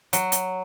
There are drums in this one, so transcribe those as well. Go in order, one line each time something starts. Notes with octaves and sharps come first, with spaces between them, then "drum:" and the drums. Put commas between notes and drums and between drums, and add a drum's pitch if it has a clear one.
F#3, drum: hi-hat
drum: hi-hat